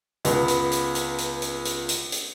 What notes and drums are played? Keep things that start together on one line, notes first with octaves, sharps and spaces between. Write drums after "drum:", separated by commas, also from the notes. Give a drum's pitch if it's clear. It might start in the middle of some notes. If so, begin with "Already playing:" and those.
C#2 B3 B5, drum: hi-hat
drum: hi-hat
drum: hi-hat
drum: hi-hat
drum: hi-hat
drum: hi-hat
drum: hi-hat
drum: hi-hat
drum: hi-hat